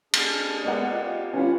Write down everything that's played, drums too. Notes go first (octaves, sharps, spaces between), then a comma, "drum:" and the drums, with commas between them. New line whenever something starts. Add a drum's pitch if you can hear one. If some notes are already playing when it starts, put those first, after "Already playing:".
D4 G#4, drum: cymbal
G#3 A#3 B3 D5 D#5 F#5
F4 G4
G3 C#4 F4 B4 F#5